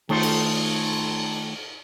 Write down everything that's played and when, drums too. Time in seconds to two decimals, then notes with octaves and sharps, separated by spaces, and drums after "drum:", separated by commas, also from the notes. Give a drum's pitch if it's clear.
0.09 D#3 A3 D#4 F4 A4 C5, drum: cymbal
0.23 drum: cymbal